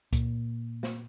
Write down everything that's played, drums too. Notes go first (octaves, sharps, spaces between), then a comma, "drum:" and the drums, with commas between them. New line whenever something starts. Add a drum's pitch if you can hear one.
A#2, drum: kick C#2, hi-hat
drum: snare